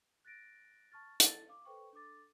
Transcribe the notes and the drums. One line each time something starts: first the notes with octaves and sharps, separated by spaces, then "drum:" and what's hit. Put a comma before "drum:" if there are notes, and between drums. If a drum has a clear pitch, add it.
F#6 A6 A#6 D7
A5 C#6 F6 A6
E4 A4 A5 A6, drum: hi-hat
F5 D6
A4 B4 C5 G5 C#6
D4 A4 D6 A6